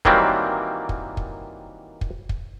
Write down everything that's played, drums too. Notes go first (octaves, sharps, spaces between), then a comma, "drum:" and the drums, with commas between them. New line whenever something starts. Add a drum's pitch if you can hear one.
D#3 E3 F#3 G3 A#3 C4, drum: kick
drum: kick
drum: kick
drum: kick
drum: kick